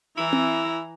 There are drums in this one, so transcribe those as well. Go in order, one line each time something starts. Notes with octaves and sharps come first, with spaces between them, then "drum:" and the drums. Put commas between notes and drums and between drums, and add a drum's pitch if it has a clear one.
E3 E4 A#5
drum: tom C4